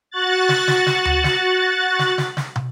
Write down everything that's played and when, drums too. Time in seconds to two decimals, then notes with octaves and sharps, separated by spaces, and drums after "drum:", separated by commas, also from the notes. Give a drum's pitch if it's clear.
0.11 F#4 F#6 A6
0.49 drum: snare
0.68 drum: snare
0.86 drum: snare
1.05 drum: tom D2
1.24 drum: snare
1.99 drum: snare
2.18 drum: snare
2.37 drum: snare
2.56 drum: tom